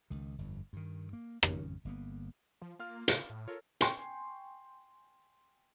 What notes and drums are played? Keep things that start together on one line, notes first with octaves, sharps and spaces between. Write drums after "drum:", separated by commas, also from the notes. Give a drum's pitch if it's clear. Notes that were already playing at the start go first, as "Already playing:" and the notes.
C#2 D#3
G1 F2
G2 D#3
A#3
G#1 F2 C#3 C#4, drum: rim click
G1 A#3 B3
F3
A#3 F4 F5 F6
C#3, drum: hi-hat
A2
F4 A4 A#4 C#5
G5 G#5 C6 C#6, drum: hi-hat